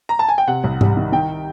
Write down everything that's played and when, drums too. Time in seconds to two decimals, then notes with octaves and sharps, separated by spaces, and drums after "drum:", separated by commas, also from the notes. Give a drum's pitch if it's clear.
0.09 A#5
0.19 A5
0.29 G#5
0.38 G5
0.47 C3 F#5
0.64 C2
0.81 G3, drum: tom G#2
0.97 D#3
1.12 D#3 G5